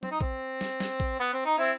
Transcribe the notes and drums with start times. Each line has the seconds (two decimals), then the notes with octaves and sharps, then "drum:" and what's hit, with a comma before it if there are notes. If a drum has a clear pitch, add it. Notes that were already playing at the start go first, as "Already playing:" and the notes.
0.03 C4, drum: tom F#3
0.11 D#4
0.21 C4, drum: kick A#1
0.61 drum: snare
0.80 drum: snare
1.00 drum: kick A#1
1.20 B3
1.33 C4
1.45 D#4
1.58 C4 E4